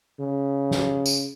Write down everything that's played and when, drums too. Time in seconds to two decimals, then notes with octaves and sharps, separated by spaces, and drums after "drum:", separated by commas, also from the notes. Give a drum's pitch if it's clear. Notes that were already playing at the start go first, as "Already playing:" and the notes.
0.20 C#3
0.71 drum: snare
1.06 drum: tambourine